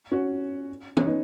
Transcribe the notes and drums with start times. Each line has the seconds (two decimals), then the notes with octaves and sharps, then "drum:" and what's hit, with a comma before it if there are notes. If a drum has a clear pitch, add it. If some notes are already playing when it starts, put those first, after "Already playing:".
0.11 C#4 F#4
0.97 C#4, drum: tom
1.07 B3 D#4